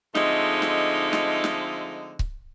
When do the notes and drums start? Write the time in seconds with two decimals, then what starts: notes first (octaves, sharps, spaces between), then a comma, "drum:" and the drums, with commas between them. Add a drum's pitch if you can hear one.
0.15 D3 F3 G#3 A3 C4 D#4, drum: snare
0.62 drum: snare
1.13 drum: snare
1.44 drum: snare
2.19 drum: kick C#1